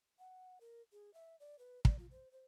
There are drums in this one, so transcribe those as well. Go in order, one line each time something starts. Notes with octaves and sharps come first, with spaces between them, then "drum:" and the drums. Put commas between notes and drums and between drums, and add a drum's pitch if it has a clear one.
F#5
A#4
G#4
E5
D5
B4
D5, drum: kick
F4
C5
C5